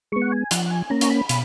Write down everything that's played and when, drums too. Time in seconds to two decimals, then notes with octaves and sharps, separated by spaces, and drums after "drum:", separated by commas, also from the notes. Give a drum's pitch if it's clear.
0.12 G#3 B3 C#6
0.22 F#5
0.32 G#5
0.51 F3 F#5, drum: hi-hat
0.66 F#5
0.71 G#5
0.90 A#3 C#4 A#5
1.01 C#6, drum: hi-hat
1.10 B5
1.29 B2, drum: hi-hat